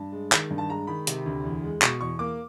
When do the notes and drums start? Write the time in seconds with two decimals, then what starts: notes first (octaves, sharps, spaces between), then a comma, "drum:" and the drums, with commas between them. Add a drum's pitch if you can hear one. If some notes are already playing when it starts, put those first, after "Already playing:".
Already playing: G2 A5
0.12 G#3
0.32 D#3, drum: clap
0.51 G2
0.58 A5
0.70 G#3 A#5
0.87 D#3 B5
1.07 C3, drum: hi-hat
1.26 D2
1.44 E2
1.63 G#3
1.82 B2 C#6, drum: clap
2.01 E2 C#6
2.19 A#3 D6